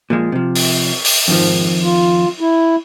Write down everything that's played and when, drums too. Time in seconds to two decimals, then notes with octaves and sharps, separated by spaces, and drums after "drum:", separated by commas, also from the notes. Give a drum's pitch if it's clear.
0.10 A#2 F3 G#3
0.32 C3 F3
0.55 drum: open hi-hat
1.05 drum: open hi-hat
1.28 F2 G#2 D#3 F3
1.82 F4
2.40 E4